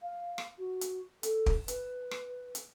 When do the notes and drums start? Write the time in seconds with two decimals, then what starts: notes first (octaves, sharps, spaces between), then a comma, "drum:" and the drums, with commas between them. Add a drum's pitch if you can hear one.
0.02 F5
0.38 drum: rim click
0.58 F#4
0.81 drum: hi-hat
1.23 A4, drum: hi-hat
1.46 drum: kick
1.68 B4, drum: hi-hat
2.11 drum: rim click
2.55 drum: hi-hat